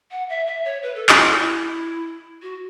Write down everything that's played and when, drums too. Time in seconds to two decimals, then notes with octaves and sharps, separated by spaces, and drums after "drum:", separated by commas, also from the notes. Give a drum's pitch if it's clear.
0.11 F#5
0.29 E5
0.47 E5
0.65 C#5
0.83 B4
0.96 A4
1.09 F#4, drum: clap
1.23 E4
1.36 E4
2.42 F#4